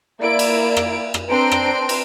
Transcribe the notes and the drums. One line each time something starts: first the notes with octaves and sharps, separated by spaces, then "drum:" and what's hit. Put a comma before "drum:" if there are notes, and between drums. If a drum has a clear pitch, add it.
A#3 E4 D5 D7
drum: cymbal
drum: rim click
drum: rim click
C4 D4 B4 A#5 C6 D7
drum: rim click
drum: cymbal